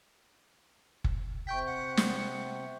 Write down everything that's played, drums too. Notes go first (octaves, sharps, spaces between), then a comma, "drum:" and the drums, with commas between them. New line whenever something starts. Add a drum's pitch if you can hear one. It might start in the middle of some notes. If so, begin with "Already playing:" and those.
drum: kick F#1
C3 G5 C#6 G6 B6
F#5
drum: snare